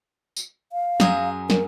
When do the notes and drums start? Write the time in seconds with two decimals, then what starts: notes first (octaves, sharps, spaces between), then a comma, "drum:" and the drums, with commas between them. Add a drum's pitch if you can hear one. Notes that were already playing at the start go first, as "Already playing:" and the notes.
0.37 drum: tambourine
0.72 F5
1.00 F#2 G#4 A#5, drum: snare
1.50 A#4, drum: snare